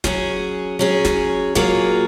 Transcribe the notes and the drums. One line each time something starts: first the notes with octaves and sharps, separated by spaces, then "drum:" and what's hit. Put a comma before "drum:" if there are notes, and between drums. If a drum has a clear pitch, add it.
F#3 C#4 G#4, drum: snare
F#3 C#4 G#4
drum: snare
F#3 A#3 F4 G#4, drum: snare